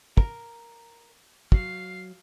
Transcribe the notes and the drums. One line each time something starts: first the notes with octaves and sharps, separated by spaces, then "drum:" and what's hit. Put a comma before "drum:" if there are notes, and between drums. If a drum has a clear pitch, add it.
A#4, drum: kick
F#3 F5 C7, drum: kick